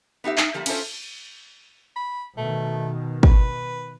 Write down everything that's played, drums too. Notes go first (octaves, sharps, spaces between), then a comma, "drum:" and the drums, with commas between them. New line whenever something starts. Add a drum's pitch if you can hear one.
B3 D#4 G4 E5
D#4, drum: clap
F3 G3 A3 A#3
C#4 D4 E4 F4 A4 C5, drum: cymbal
B5
B2 D#3 A3
B4, drum: kick